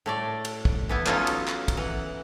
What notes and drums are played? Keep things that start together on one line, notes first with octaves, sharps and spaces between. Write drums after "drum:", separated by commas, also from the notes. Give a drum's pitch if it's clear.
A2 A3 D5
drum: cymbal
drum: kick
E3 B3 E4
F#3 C#4 D#4 F4 A4, drum: clap
drum: cymbal
drum: clap
drum: kick, cymbal
E3 F#5